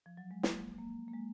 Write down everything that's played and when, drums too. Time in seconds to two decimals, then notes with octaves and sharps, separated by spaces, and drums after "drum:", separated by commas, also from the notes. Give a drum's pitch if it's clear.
0.06 F3
0.17 F#3
0.31 G#3
0.43 A#3, drum: snare
0.79 A#3
1.08 A#3
1.13 G#3